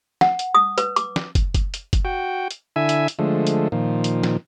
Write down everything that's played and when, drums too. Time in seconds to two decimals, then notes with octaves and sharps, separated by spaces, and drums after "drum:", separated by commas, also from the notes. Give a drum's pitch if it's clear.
0.21 F#5, drum: snare
0.39 drum: hi-hat
0.55 D#6
0.78 B4, drum: hi-hat
0.96 D6, drum: hi-hat
1.16 drum: snare
1.35 drum: kick, hi-hat
1.54 drum: kick, hi-hat
1.74 drum: hi-hat
1.93 drum: kick, hi-hat
2.05 F#4 G5
2.51 drum: hi-hat
2.76 D3 E4 E5 G#5
2.89 drum: hi-hat
3.08 drum: hi-hat
3.19 D3 F3 G#3 A3
3.47 drum: hi-hat
3.72 A#2 D#3 F3
4.04 drum: hi-hat
4.23 drum: snare